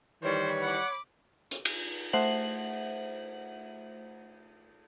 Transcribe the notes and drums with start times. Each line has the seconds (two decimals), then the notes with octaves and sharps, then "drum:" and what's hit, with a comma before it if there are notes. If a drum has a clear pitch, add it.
0.23 D#3 E3 G3 C5 C#5
0.62 F#5 B5 D6
1.51 drum: hi-hat
1.65 drum: cymbal
2.13 A3 C5 E5 F#5 F#7